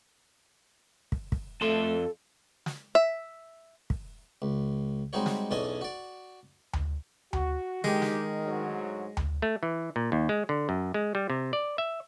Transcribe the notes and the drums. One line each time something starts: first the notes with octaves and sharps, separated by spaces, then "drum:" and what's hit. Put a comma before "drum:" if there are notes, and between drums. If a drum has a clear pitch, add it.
drum: kick
drum: kick
F2 A3 A4 A5 C6
drum: snare
E5
drum: kick
C#2
G3 G#3 C4 D#4 F#4 C#5
drum: snare
B1 E2 C#4 D4 D#5 G#5
F#4 D5
drum: tom D2
F#4, drum: tom D2
D3 D#3 G#3 D#4 G4, drum: snare
drum: snare
D2 G#2 F#3
drum: tom D2
A3
E3
A#2
D#2
G#3
D3
F#2
G#3
G3
C3
D5
E5